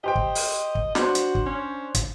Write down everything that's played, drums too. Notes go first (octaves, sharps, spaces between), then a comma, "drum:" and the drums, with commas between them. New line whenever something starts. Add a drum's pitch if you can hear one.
G4 C5 D#5 G5
drum: kick
drum: open hi-hat
drum: kick
D4 F#4 C5, drum: snare
drum: hi-hat
drum: kick
C#4
drum: kick, hi-hat